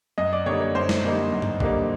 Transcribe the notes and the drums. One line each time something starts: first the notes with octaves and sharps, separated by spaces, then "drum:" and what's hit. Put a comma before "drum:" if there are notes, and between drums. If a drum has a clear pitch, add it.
F#2 D#5
D5
D3 G3 A#3 D#4 C#5
C#5
F#2 C5
drum: snare G#3
D3 G3 A#3 D#4
F#2
drum: tom G2
D3 G3 A#3 D#4, drum: kick